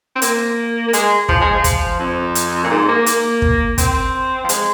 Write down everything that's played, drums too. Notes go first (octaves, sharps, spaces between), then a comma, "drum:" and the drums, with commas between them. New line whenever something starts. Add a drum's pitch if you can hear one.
C4
A#3, drum: hi-hat
A#3
G#3, drum: hi-hat
F3, drum: kick
G#3
F3
drum: kick, hi-hat
F2
drum: hi-hat
A#2
G#2
A#3
A#3, drum: hi-hat
drum: kick
C4, drum: kick, hi-hat
F3
G#3, drum: hi-hat